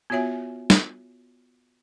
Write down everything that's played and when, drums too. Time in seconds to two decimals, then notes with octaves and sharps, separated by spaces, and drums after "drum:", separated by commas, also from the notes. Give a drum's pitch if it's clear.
0.10 B3 F4 F#4 C#5 E5 G#5
0.70 drum: snare